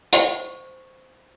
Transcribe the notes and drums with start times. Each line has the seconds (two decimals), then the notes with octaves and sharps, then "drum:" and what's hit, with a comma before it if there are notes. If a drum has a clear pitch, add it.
0.13 C5 C#6, drum: hi-hat